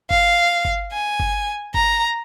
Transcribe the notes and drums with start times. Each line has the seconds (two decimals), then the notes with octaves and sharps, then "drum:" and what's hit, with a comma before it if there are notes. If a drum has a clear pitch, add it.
0.11 F5, drum: kick G1
0.65 drum: kick G1
0.92 G#5
1.20 drum: kick G1
1.74 A#5, drum: kick G1